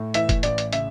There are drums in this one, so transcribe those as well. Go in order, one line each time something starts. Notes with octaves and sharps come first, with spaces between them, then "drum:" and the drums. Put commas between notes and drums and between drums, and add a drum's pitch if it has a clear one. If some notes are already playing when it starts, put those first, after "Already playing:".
Already playing: A2
E3 E5, drum: hi-hat
drum: kick F1, hi-hat
A1 D5, drum: hi-hat
drum: hi-hat
C#3 E5, drum: hi-hat